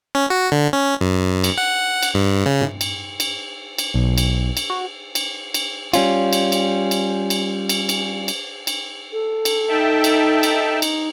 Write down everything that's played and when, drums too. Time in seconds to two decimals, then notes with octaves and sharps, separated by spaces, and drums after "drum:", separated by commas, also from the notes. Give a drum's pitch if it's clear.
0.15 C#4
0.30 F#4
0.52 D3
0.73 C#4
1.01 F#2
1.44 drum: cymbal
1.58 F#5
2.03 drum: cymbal
2.14 G2
2.46 C#3
2.61 drum: tom G2
2.81 drum: cymbal
3.20 drum: cymbal
3.78 drum: cymbal
3.94 B1
4.18 drum: cymbal
4.57 drum: cymbal
4.70 F#4
5.15 drum: cymbal
5.54 drum: cymbal
5.93 G3 C#4 F4, drum: cymbal
6.33 drum: cymbal
6.52 drum: cymbal
6.91 drum: cymbal
7.30 drum: cymbal
7.69 drum: cymbal
7.89 drum: cymbal
8.28 drum: cymbal
8.67 drum: cymbal
9.12 A4
9.45 drum: cymbal
9.69 D#4 E5 G5 A5
10.04 drum: cymbal
10.43 drum: cymbal
10.82 drum: cymbal